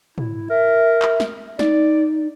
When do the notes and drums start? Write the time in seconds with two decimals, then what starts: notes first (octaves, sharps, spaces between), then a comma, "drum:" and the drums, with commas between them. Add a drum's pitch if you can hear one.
0.18 E4, drum: tom
0.50 A#4 E5
1.02 drum: clap
1.20 drum: snare
1.59 D#4 D5, drum: snare